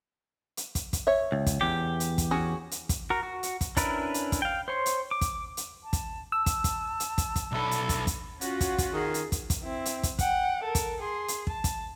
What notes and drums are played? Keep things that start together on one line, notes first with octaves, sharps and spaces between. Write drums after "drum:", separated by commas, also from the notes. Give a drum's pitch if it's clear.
drum: hi-hat
drum: kick, hi-hat
drum: kick, hi-hat
C#5 E5
C#2
drum: kick, hi-hat
E2 G4
drum: hi-hat
drum: kick, hi-hat
C#4 F#4 G#4
drum: hi-hat
drum: kick, hi-hat
F#4 A#4
F#4
drum: hi-hat
drum: kick, hi-hat
C#4 D4 E4 A#4 B4, drum: kick, hi-hat
drum: hi-hat
drum: kick, hi-hat
F5 G5
C5 C#5 C6
drum: hi-hat
D6
drum: kick, hi-hat
drum: hi-hat
A5
drum: kick, hi-hat
A5 E6
drum: kick, hi-hat
drum: kick, hi-hat
drum: hi-hat
drum: kick, hi-hat
drum: kick, hi-hat
B1 D4 E4 A4
drum: hi-hat
drum: kick, hi-hat
drum: kick, hi-hat
C#4 F4 F#4, drum: hi-hat
drum: kick, hi-hat
drum: kick, hi-hat
D#3 G#4
drum: hi-hat
drum: kick, hi-hat
drum: kick, hi-hat
C4 E4
drum: hi-hat
drum: kick, hi-hat
F#5 G5, drum: kick, hi-hat
A4 A#4
drum: kick, hi-hat
G#4 C6
drum: hi-hat
A5, drum: kick
drum: kick, hi-hat